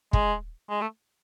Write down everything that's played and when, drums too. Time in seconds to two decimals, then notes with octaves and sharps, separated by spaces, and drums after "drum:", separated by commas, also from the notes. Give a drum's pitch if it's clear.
0.13 G#3, drum: kick
0.70 G#3
0.82 A3